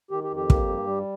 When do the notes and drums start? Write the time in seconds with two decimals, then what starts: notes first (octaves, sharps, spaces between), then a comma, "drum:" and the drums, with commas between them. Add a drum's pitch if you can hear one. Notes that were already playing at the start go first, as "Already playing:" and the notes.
0.11 D#3 G4
0.24 G4
0.30 F2
0.36 G4
0.50 A#3, drum: kick
0.68 G2
0.87 G3